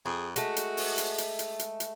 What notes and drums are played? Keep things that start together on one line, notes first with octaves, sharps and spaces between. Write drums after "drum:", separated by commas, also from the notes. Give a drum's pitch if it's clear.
F2 G#4
G#3 A3 F#4, drum: hi-hat
drum: hi-hat
drum: open hi-hat
drum: hi-hat
drum: hi-hat
drum: hi-hat
drum: hi-hat
drum: hi-hat